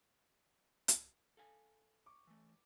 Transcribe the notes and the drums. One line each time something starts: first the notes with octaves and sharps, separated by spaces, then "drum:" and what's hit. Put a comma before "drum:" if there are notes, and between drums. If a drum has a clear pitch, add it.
drum: hi-hat
A4 F5 G#5
C#6 D6
E3 A3